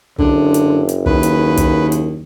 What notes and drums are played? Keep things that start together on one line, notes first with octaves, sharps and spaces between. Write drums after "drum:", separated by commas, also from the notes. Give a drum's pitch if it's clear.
F#1 D3, drum: kick
drum: hi-hat
drum: hi-hat
D#2 B4, drum: kick
drum: hi-hat
drum: kick, hi-hat
drum: hi-hat